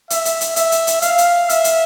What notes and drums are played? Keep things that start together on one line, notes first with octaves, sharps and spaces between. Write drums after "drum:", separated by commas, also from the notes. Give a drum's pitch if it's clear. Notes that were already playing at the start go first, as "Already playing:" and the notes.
E5, drum: hi-hat
drum: hi-hat
drum: hi-hat
E5, drum: hi-hat
drum: hi-hat
drum: hi-hat
F5, drum: hi-hat
drum: hi-hat
E5, drum: hi-hat
drum: hi-hat